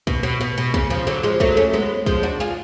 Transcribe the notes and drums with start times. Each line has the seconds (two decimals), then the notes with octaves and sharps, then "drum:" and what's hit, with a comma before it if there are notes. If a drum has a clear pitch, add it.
0.07 B2, drum: kick
0.23 B2
0.41 B2
0.58 B2
0.74 C#3, drum: kick
0.90 C#3 F3
1.07 D3 F#3
1.23 F3 G#3
1.40 F#3 A3, drum: kick
1.57 A3 C#4
1.73 G#3 B3
2.06 F3 G#3, drum: kick
2.23 D4 F#4
2.40 F4 G#4